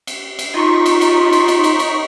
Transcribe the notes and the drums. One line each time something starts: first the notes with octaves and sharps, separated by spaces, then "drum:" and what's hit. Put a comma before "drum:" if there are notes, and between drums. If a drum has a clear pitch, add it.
drum: cymbal
drum: cymbal
D#4 F4 C#6 B6
drum: cymbal
drum: cymbal
drum: cymbal
drum: cymbal
drum: cymbal
drum: cymbal